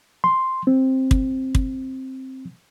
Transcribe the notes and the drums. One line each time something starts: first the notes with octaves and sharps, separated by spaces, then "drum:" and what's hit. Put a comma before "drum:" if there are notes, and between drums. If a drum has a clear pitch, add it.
C6
C4
drum: kick
drum: kick